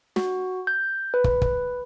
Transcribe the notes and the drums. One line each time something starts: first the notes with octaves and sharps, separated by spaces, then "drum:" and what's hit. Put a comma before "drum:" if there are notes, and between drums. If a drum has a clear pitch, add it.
F#4, drum: snare
G6
B4
drum: kick
drum: kick